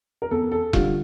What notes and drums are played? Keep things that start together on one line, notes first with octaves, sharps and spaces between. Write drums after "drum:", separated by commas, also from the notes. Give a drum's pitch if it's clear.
A#4
E2 A4
A4
D3 G3 F4, drum: kick E1